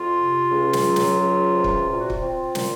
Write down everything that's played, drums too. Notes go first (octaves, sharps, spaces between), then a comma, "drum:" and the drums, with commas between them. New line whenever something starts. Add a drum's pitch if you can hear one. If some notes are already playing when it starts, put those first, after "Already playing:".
Already playing: F2 F4
C3
C#2
drum: snare
F#3
drum: snare
C#2
C3
drum: kick
A#2 F4
F#4
F4, drum: kick
C4
A#2, drum: snare